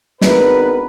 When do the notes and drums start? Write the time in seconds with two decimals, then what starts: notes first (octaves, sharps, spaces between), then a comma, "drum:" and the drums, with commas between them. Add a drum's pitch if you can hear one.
0.21 G#1 B3 D4 A#4 B4, drum: snare